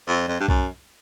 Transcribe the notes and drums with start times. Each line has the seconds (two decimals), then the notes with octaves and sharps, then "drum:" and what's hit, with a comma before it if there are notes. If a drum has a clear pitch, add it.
0.07 F2
0.28 F2
0.40 G2
0.48 F#2, drum: kick B1